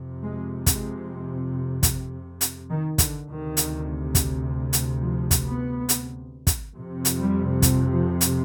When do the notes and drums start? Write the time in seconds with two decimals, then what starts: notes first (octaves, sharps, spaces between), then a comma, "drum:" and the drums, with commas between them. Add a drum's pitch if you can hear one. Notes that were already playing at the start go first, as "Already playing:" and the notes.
Already playing: F2 C3
0.23 G#3
0.66 G#3, drum: kick, hi-hat
1.83 drum: kick, hi-hat
2.41 drum: hi-hat
2.70 D#3
2.98 D3, drum: kick, hi-hat
3.28 D2 C3 D#3
3.57 drum: hi-hat
4.15 drum: kick, hi-hat
4.73 drum: hi-hat
5.02 F3
5.31 drum: kick, hi-hat
5.46 B3
5.89 drum: hi-hat
6.47 drum: kick, hi-hat
6.75 F2 C3
7.05 drum: hi-hat
7.19 G3
7.62 F3, drum: kick, hi-hat
7.91 F3
8.21 drum: hi-hat